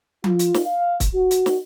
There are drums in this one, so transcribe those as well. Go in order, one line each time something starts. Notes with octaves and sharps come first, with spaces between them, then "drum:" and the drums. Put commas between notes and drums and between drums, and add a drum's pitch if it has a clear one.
F4, drum: tom F3
drum: hi-hat
drum: snare
F5
drum: kick, hi-hat
F#4
drum: hi-hat
drum: snare